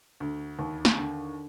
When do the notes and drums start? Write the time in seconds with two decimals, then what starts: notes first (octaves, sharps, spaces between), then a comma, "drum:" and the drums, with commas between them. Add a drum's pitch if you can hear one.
0.20 D2
0.59 D#2
0.85 drum: snare
0.97 D3